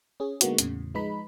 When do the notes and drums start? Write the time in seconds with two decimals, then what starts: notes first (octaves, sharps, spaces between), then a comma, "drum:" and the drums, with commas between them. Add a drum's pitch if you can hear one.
0.20 C#4 G#4
0.41 D3 G#3 A#3 B3 D#4 F#4, drum: hi-hat
0.58 E2 A2 C#3, drum: hi-hat
0.94 F3 G#3 D#4 B4 B5